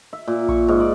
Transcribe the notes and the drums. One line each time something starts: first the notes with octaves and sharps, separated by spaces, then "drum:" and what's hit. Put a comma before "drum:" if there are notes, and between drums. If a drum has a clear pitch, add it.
E5
A#2
C#6, drum: kick A#1
G#2
D5